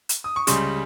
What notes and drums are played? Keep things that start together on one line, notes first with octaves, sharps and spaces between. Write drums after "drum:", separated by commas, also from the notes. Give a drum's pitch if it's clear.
drum: hi-hat
D#6
C#6
C#2 C#3 G3 C6, drum: hi-hat